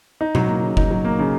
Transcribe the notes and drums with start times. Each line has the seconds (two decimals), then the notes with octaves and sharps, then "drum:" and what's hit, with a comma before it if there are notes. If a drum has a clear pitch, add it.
0.21 D#4
0.35 F#3, drum: tom B2
0.49 A#3
0.63 C#3
0.77 D#4, drum: kick F#1
0.91 F#3
1.05 A#3
1.19 C#3